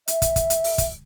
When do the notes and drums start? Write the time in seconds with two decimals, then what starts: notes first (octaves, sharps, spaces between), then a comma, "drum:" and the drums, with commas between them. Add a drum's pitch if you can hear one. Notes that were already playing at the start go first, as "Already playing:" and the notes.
0.08 E5, drum: hi-hat
0.22 drum: kick, hi-hat
0.36 drum: kick, hi-hat
0.50 drum: hi-hat
0.64 drum: open hi-hat
0.78 drum: kick, hi-hat